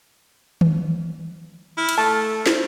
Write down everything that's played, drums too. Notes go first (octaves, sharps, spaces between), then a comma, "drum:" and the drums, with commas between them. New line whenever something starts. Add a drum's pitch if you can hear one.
drum: tom D#3
E4 F6
drum: cymbal
A3 A5
C5, drum: snare